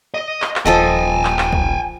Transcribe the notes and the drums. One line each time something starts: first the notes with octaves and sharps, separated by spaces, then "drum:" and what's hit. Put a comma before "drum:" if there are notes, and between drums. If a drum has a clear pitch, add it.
D#5
drum: clap
drum: clap
D#1 F3 A4 D#5 G5 G#5
drum: clap
drum: clap
drum: kick